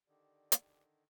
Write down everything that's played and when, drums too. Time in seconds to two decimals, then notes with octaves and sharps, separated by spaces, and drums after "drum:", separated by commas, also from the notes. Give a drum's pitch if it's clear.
0.08 D3 D#3 G4 D5
0.52 drum: hi-hat